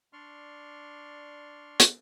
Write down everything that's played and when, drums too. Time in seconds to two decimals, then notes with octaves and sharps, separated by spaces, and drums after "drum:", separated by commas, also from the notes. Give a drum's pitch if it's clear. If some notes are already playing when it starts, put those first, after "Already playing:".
0.13 D4 D5 C6 C#6 F6
1.80 drum: hi-hat